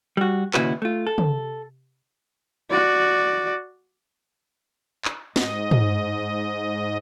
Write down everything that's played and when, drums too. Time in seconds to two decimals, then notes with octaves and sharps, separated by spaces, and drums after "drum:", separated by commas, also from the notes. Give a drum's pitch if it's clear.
0.17 G3 F#4
0.54 D#2 A#2 C#3 E4 F#4 B4, drum: clap
0.82 A3 F4
1.07 A4
1.18 drum: tom
2.70 F#4 D5
5.05 drum: clap
5.36 G#2 D#5, drum: snare
5.71 drum: tom